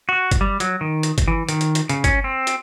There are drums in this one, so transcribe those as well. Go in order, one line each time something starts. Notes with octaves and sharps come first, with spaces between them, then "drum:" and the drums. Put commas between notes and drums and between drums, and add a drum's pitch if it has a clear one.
F#4
drum: kick, hi-hat
G3
F#3, drum: hi-hat
D#3
drum: hi-hat
drum: kick, hi-hat
E3
D#3, drum: hi-hat
drum: hi-hat
drum: hi-hat
C#3, drum: hi-hat
C#4, drum: kick, hi-hat
C4
drum: hi-hat